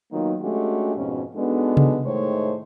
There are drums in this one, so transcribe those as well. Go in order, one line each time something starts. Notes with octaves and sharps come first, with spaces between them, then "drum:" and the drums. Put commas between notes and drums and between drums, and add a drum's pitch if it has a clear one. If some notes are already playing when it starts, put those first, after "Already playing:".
D#3 F#3 A#3 B3 D#4 F4
G#3 A3 C#4 D4 F#4 G4
F2 G#2 B2 C#4
G#3 B3 D4 D#4 F#4 A4
drum: tom C3
A2 D#3 G#3 A3 C5 C#5